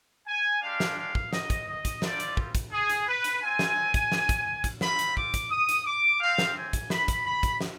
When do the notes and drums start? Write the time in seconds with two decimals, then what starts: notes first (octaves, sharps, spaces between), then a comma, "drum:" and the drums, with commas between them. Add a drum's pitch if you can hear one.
0.27 G#5
0.62 G#3 D4 G4 F5
0.80 drum: snare
0.98 F5
1.15 drum: kick
1.33 D#5, drum: snare
1.50 drum: kick, hi-hat
1.68 D#5
1.85 drum: kick, hi-hat
2.02 G3 C4 F4 D5, drum: snare
2.20 drum: hi-hat
2.37 drum: kick
2.55 drum: kick, hi-hat
2.72 G#4
2.90 drum: hi-hat
3.07 B4
3.24 drum: hi-hat
3.42 C4 F4 G#5
3.59 drum: snare
3.94 drum: kick, hi-hat
4.12 drum: snare
4.29 drum: kick, hi-hat
4.64 drum: kick, hi-hat
4.81 C4 F4 B5, drum: snare
4.99 drum: hi-hat
5.17 D6, drum: kick
5.34 drum: kick, hi-hat
5.51 D#6
5.69 drum: hi-hat
5.85 D6
6.20 C4 G4 F5
6.38 drum: snare
6.56 G#5
6.73 drum: kick, hi-hat
6.90 B5, drum: snare
7.08 drum: kick, hi-hat
7.25 B5
7.43 drum: kick, hi-hat
7.61 drum: snare